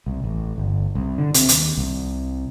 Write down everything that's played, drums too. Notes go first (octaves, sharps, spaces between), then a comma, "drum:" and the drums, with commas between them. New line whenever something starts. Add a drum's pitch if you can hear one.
C2
A1
G1
C2
D3
C3, drum: hi-hat
D#2, drum: hi-hat
C2